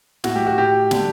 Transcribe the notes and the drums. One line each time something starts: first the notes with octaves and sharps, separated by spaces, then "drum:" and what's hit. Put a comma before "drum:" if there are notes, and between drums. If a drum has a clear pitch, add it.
A2 F#4, drum: snare
G4
F#4
A2 G4
D3, drum: snare